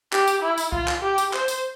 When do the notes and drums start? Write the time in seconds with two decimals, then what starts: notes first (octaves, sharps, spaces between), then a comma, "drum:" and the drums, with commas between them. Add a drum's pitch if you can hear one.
0.13 G4, drum: clap
0.28 drum: tambourine
0.42 E4
0.58 drum: tambourine
0.72 F4, drum: kick C2
0.88 drum: clap
1.02 G4
1.18 drum: tambourine
1.33 C5, drum: clap
1.48 drum: tambourine